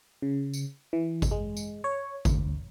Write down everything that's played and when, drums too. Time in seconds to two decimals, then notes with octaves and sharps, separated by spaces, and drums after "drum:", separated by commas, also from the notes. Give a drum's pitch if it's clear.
0.22 C#3
0.54 drum: tambourine
0.93 E3
1.22 drum: kick G#1, tambourine
1.31 G#3
1.56 drum: tambourine
1.84 C#5
2.25 D2, drum: kick G#1, tambourine